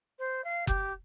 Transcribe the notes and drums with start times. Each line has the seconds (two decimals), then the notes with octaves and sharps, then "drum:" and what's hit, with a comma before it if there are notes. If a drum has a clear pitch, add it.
0.19 C5
0.44 F5
0.67 G4, drum: kick F#1